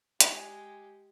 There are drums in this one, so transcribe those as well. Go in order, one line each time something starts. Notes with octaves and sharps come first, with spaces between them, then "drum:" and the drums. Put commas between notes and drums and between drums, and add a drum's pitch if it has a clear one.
G#3 G4, drum: hi-hat